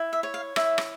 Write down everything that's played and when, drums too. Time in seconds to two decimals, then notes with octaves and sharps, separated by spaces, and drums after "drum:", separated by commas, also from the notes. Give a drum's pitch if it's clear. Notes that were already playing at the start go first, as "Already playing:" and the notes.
Already playing: E4
0.13 E5
0.23 C#5
0.34 F5
0.56 E4 E5, drum: rim click
0.78 drum: rim click